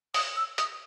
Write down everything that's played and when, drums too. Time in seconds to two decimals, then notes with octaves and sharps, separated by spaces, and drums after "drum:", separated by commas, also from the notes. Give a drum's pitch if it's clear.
0.14 D#6, drum: open hi-hat
0.36 E6
0.58 D#6, drum: hi-hat